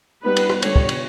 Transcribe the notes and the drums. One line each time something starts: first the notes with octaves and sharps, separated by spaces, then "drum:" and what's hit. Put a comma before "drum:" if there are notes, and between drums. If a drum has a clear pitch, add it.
G3 B3 D#4 B4
drum: cymbal
drum: rim click
D3 G3 B3 C#5, drum: cymbal
drum: kick
drum: cymbal